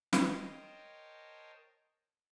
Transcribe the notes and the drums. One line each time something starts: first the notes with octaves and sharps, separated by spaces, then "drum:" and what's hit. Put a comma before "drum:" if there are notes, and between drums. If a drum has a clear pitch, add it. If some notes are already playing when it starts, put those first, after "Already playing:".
drum: snare
A#4 C5 C#5 D#5 G5 A5